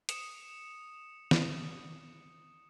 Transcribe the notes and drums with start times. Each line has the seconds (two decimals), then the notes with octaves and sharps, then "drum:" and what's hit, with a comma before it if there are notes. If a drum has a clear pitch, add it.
0.09 D#6 C#7 E7, drum: hi-hat
1.31 drum: snare